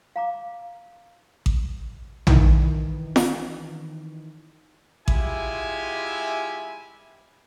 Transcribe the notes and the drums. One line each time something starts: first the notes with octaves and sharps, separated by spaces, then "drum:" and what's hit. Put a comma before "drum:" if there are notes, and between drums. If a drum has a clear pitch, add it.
F5 A#5 D6
drum: kick A1
D#3 E3, drum: tom A#1
drum: snare
G#3 E4 F4 G4 E5 G#5, drum: kick A1